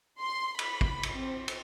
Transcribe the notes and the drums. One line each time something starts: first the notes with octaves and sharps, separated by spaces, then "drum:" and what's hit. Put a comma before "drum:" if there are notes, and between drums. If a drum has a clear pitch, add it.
C6
B5, drum: cymbal
drum: kick
drum: cymbal
C4
drum: cymbal